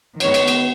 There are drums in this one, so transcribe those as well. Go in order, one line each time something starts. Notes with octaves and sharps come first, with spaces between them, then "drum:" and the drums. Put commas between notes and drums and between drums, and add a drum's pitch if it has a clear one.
D#3 G#3 B3 C#5, drum: cymbal
drum: cymbal
drum: cymbal